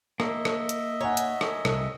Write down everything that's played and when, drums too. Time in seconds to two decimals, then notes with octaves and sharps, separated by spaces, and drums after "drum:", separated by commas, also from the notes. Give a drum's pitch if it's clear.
0.20 A#3 D#5 E5, drum: rim click
0.45 drum: rim click
0.69 drum: hi-hat
1.01 C#5 F#5 G#5 A#5
1.17 drum: hi-hat
1.41 drum: rim click
1.65 C2, drum: rim click